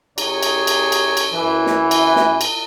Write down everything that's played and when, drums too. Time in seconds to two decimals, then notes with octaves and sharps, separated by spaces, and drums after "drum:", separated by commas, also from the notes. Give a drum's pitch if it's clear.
0.18 F#2 G4 G#4 C#5 A#5, drum: cymbal
0.43 drum: cymbal
0.67 drum: cymbal
0.92 drum: cymbal
1.17 drum: cymbal
1.34 F#2 E3
1.66 drum: snare
1.91 drum: cymbal
2.16 drum: snare
2.41 drum: cymbal